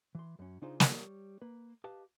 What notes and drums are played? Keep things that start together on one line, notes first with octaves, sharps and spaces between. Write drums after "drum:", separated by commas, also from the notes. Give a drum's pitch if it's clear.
E3 C6
F#2 C#4
C#3 D4 D#4 F4 G#4 C5
G3 C#5, drum: snare
A#3 B4
G4 B4 D#5 F5 A5